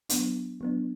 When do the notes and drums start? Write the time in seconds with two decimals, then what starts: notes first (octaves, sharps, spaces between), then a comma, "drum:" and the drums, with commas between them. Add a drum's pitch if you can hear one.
0.09 F#3 B3 D4, drum: hi-hat
0.61 F#3 B3 D4